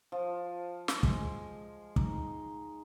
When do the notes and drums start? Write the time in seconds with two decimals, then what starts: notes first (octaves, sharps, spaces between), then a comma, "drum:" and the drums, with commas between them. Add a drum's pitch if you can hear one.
0.12 F3
0.88 drum: snare
1.03 G#3, drum: kick
1.96 D#4, drum: kick